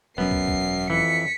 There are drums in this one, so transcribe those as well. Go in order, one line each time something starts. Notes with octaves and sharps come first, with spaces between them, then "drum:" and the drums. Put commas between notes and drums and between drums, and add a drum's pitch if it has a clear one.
E1 F#2 F#3 B3 C#4 C7
drum: kick
drum: kick
F2 E3 B6 C#7